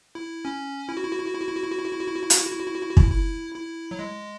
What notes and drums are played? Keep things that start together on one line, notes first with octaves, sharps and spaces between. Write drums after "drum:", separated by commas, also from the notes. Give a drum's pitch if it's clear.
E4
C#4
E4
F#4
E4
F#4
E4
F#4
E4
F#4
E4
F#4
E4
F#4
E4
F#4
E4
F#4
E4
F#4
E4
F#4, drum: hi-hat
E4
F#4
E4
F#4
E4
F#4
E4
F#4
E4, drum: kick
E4
E4
F#3
G#3